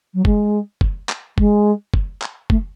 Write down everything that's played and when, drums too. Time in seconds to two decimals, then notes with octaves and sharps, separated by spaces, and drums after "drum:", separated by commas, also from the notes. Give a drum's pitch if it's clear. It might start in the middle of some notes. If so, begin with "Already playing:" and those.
0.14 F#3
0.25 G#3, drum: kick
0.81 drum: kick
1.09 drum: clap
1.38 G#3, drum: kick
1.94 drum: kick
2.22 drum: clap
2.50 A3, drum: kick